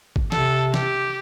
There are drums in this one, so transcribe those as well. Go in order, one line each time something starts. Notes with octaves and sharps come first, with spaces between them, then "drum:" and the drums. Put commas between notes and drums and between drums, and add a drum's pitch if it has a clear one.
drum: kick G#1
C3 A4, drum: snare
G4, drum: snare